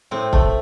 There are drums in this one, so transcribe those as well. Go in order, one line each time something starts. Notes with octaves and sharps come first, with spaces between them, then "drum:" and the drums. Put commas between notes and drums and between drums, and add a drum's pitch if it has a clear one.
A2 C4
A3, drum: kick C#1